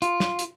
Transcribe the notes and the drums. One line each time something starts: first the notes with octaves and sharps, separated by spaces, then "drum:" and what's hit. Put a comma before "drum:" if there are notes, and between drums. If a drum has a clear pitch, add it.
F4, drum: hi-hat
drum: snare
drum: hi-hat